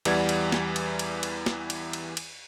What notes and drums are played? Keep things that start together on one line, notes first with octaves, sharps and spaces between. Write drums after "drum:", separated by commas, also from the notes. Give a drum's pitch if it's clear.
E2 E3 G3 D5 F#5 G#6, drum: cymbal
drum: cymbal
drum: snare
drum: cymbal
drum: cymbal
drum: cymbal
drum: snare
drum: cymbal
drum: cymbal
drum: cymbal